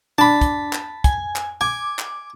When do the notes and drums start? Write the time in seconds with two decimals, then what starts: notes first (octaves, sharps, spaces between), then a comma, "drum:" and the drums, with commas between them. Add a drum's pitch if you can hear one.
0.18 D4 A5 B5
0.41 drum: kick, hi-hat
0.73 drum: clap
1.04 G#5, drum: kick, hi-hat
1.36 drum: clap
1.61 G#5 D6
1.99 drum: clap